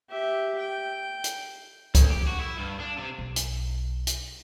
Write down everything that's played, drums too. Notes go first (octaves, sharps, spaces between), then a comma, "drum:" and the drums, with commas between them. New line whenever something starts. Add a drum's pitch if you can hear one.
G4 E5
G5
drum: hi-hat
D2, drum: kick C2, hi-hat
G4
F#4
E4
G2
D4
C3
B1
drum: hi-hat
drum: hi-hat